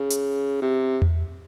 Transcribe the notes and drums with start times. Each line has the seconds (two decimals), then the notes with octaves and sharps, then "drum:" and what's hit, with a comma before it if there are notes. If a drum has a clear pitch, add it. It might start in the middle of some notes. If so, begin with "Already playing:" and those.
Already playing: C#3
0.10 drum: hi-hat
0.62 C3
1.02 drum: tom E2